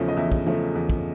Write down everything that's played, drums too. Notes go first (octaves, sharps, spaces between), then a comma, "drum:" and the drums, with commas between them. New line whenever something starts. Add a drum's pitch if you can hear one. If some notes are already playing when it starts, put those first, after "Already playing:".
Already playing: E2 C#3 F3 A3
D#5
E2 E5
drum: kick
C#3 F3 A3
E2
drum: kick